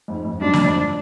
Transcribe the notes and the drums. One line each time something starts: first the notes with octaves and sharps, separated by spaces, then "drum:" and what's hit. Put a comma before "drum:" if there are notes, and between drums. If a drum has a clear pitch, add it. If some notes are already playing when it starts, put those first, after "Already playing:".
F2 G#2
F2
G#2
F#2 D4
F#2, drum: snare
F2 G#2